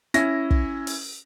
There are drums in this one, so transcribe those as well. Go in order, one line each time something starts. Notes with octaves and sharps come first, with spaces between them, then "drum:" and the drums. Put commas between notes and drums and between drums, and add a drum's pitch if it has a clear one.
C#4 E4 A#6, drum: hi-hat
drum: kick
drum: open hi-hat